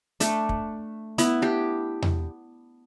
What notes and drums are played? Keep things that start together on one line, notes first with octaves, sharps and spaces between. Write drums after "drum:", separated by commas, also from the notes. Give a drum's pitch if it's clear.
A3 D4, drum: hi-hat
drum: kick
B3 E4, drum: hi-hat
D4 G4
drum: tom E2